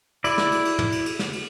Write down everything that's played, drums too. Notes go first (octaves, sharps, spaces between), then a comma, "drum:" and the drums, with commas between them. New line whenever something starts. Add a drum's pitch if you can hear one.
E4 D5, drum: cymbal
drum: snare
drum: cymbal
drum: cymbal
drum: tom
drum: cymbal
drum: cymbal
drum: snare
drum: cymbal